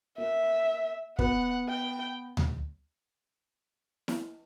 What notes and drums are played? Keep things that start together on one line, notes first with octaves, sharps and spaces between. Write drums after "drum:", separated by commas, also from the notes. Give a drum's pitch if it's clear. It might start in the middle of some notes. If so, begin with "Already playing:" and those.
A#3 E5
B3 F#5, drum: kick
G5
drum: tom D2
drum: snare E4